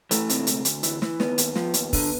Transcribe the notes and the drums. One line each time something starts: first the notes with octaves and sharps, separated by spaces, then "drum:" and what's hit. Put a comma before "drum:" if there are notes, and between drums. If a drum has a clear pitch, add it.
E3 A3, drum: hi-hat
C3, drum: hi-hat
D2, drum: hi-hat
D2, drum: hi-hat
E3, drum: hi-hat
E3, drum: snare
D#2 B3, drum: snare
D#2, drum: hi-hat
F3, drum: snare
D#2, drum: hi-hat
D3, drum: kick, open hi-hat